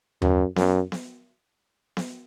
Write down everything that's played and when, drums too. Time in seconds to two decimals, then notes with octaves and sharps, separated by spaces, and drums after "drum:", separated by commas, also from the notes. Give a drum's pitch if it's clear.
0.22 F#2, drum: tom D#2
0.56 F#2, drum: snare B3
0.92 drum: snare B3
1.97 drum: snare B3